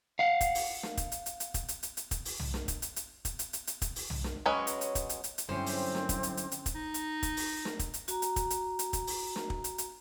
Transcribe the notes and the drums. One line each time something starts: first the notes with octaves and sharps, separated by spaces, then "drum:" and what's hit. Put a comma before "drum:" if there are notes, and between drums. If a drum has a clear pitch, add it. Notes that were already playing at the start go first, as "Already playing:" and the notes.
F5 F#5
drum: kick, hi-hat
drum: open hi-hat
drum: snare
drum: kick, hi-hat
drum: hi-hat
drum: hi-hat
drum: hi-hat
drum: kick, hi-hat
drum: hi-hat
drum: hi-hat
drum: hi-hat
drum: kick, hi-hat
drum: open hi-hat
drum: tom
drum: snare
drum: kick, hi-hat
drum: hi-hat
drum: hi-hat
drum: kick, hi-hat
drum: hi-hat
drum: hi-hat
drum: hi-hat
drum: kick, hi-hat
drum: open hi-hat
drum: tom
drum: snare
F#3 G#3 C#4 B4
drum: hi-hat
drum: hi-hat
drum: kick, hi-hat
drum: hi-hat
drum: hi-hat
drum: hi-hat
G2 D3 F#3 C4 C#4 E4 G4 C5
drum: open hi-hat
drum: snare
drum: kick, hi-hat
drum: hi-hat
drum: hi-hat
drum: hi-hat
drum: kick, hi-hat
D#4
drum: hi-hat
drum: kick, hi-hat
drum: open hi-hat
drum: snare
drum: kick, hi-hat
drum: hi-hat
F#4 A#5, drum: hi-hat
drum: hi-hat
drum: kick, hi-hat
drum: hi-hat
drum: hi-hat
drum: kick, hi-hat
drum: open hi-hat
drum: snare
drum: kick
drum: hi-hat
drum: hi-hat